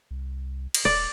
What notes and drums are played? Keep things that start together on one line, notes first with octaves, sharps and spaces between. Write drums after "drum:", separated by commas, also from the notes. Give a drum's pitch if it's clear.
C2
drum: cymbal
D#1 D5